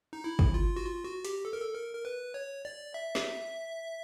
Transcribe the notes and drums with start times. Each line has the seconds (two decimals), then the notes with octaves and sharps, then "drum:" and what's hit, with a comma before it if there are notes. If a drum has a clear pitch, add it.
0.13 D#4
0.24 E4
0.39 drum: kick
0.54 F4
0.76 F#4
0.85 F4
1.05 F#4
1.25 G4, drum: hi-hat
1.45 A4
1.53 A#4
1.61 A4
1.74 A#4
1.95 A#4
2.05 B4
2.34 C#5
2.65 D5
2.94 E5
3.15 drum: snare